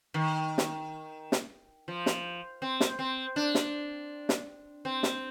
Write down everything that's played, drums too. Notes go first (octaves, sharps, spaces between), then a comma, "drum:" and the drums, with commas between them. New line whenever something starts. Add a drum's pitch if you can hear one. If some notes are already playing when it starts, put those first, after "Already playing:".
D#3
drum: snare
drum: snare
F3
drum: snare
C4
drum: snare
C4
D4
drum: snare
drum: snare
C4
drum: snare